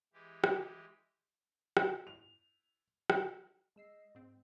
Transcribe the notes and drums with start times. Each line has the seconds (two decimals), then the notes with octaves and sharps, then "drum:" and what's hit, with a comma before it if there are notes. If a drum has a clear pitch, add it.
0.13 E3 G#3 G4
0.44 drum: rim click
1.77 drum: rim click
2.07 F7
3.10 drum: rim click
3.76 G#3 D#5 E6 C7
4.15 G#2 C4